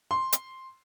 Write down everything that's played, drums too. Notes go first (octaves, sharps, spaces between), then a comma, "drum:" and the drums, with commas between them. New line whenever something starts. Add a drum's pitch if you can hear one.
C6
drum: hi-hat